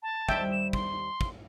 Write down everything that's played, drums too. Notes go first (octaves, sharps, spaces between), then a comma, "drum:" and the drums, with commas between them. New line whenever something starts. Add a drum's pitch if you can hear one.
A5
D#2 G3 C5 E5 G5, drum: kick
E7
C6, drum: kick
drum: kick